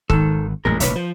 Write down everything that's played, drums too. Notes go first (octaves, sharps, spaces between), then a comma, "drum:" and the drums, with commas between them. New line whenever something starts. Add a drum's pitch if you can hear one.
G#1 D#3 A4, drum: kick C#1
A1 F#2 A#2 G#3 A#4
F1 A#1 D#3 B4 C#5 E5, drum: hi-hat
F3 C5